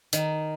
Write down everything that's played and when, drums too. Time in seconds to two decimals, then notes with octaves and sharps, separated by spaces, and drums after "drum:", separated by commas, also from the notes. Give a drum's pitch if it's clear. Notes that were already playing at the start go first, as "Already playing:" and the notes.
0.13 D#3, drum: hi-hat